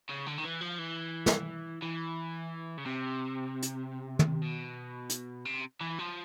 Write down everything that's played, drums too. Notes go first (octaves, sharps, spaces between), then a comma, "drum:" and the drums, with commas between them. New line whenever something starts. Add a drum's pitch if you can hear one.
C#3
D3
D#3
E3
F3
E3
drum: snare
E3
C#3
C3
drum: hi-hat
drum: tom
B2
drum: hi-hat
C3
E3
F3